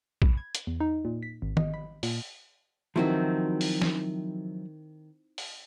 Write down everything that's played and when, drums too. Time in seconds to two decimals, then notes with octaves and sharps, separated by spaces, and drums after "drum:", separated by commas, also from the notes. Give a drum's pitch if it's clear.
0.22 B5, drum: kick A#1
0.37 G#6
0.55 drum: hi-hat
0.67 E2
0.80 D#4
1.05 A#2
1.23 B6
1.42 G#1
1.57 D#5, drum: tom D#3
1.74 B5
2.03 A#2, drum: open hi-hat
2.96 D#3 F3 F#3 C4 E4 F#4
3.61 drum: open hi-hat
3.82 drum: snare
5.38 drum: open hi-hat